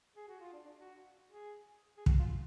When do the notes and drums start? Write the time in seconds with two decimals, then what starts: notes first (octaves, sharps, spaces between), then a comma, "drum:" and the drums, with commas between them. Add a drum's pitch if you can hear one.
0.16 G#4
0.28 F#4
0.40 F4
0.53 D4
0.65 D4
0.78 F#4
1.29 G#4
1.97 G#4
2.06 F#4, drum: kick
2.19 F4